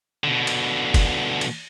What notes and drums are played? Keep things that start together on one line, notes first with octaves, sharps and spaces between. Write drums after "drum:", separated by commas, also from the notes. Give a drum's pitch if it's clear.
B2 D3
drum: cymbal
drum: kick, cymbal
drum: cymbal